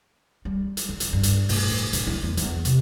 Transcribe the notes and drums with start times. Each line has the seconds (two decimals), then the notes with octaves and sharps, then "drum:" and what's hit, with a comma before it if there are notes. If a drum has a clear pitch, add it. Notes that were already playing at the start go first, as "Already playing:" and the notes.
0.45 G3
0.77 drum: hi-hat
0.89 D3
1.00 drum: hi-hat
1.13 G2
1.23 drum: hi-hat
1.49 A2, drum: open hi-hat
1.70 E3
1.93 D3, drum: hi-hat
2.07 E4
2.23 E2
2.37 E2, drum: hi-hat
2.65 C3, drum: hi-hat